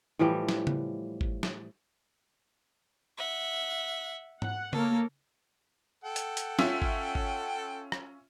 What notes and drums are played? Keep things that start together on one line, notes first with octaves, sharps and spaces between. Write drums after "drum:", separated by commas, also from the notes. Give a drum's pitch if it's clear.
A2 E3 F3 G3
drum: snare
drum: tom C#3
drum: kick G#1
drum: snare
E5 F#5
F#5, drum: tom G#2
A#3 A4 A#4 C#5, drum: tom C#3
A4 F#5 G5
drum: hi-hat
drum: hi-hat
C#4 F4 E5, drum: snare
drum: kick G#1
drum: kick G#1
drum: rim click